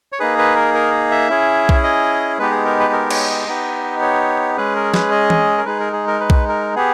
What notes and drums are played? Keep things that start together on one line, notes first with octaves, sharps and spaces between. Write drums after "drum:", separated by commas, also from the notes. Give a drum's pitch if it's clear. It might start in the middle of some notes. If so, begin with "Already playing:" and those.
C#5
A#3 D#4 G#4 B4
B4
A#4
A#4
E5
C#4 E4 G#4
drum: kick B1
D#5
G#3 B3 D#4 G4 B4
G#4
A#4
B4
A#4
C#5, drum: cymbal
D#5
B3 D#4 G4
C#5
G#3 C#4 G#4 B4
A#4
B4, drum: snare
D#5
drum: tom E3
A#4
G#3 D#4 G#4 B4
A#4
G#4
A#4
B4
drum: kick B1
A#4
B3 G4 G#4